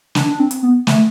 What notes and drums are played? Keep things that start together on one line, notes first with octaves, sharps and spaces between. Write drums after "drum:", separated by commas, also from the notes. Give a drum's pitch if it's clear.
D4, drum: snare
D4
C4
drum: hi-hat
B3
A3, drum: snare